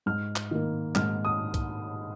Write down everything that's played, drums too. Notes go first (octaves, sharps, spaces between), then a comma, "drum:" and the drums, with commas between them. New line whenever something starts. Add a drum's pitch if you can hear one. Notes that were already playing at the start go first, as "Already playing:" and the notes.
G#2 F6
drum: clap
D#3 A#3
G#2 F6, drum: clap
D#6
drum: kick B1, hi-hat